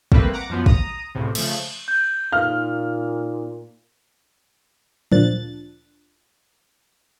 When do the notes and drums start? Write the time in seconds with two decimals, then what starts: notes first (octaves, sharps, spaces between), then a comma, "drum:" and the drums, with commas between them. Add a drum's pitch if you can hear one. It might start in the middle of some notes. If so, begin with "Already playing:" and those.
0.12 G3 A3 A#3 C4 B4, drum: kick
0.33 F#5 A#5 D6
0.49 F#2 F3 B3
0.66 A#5 D#6, drum: kick
1.15 C#2 A2 C3
1.35 C#3 F3 A3, drum: cymbal
1.88 G6
2.32 A#2 D#4 F5 F6
5.12 D2 A#2 F3 D4 F#6 A6, drum: tom F3